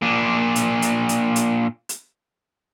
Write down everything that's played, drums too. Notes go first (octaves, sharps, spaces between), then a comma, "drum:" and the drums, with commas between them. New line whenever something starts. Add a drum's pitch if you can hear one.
A#2 D4
drum: hi-hat
drum: hi-hat
drum: hi-hat
drum: hi-hat
drum: hi-hat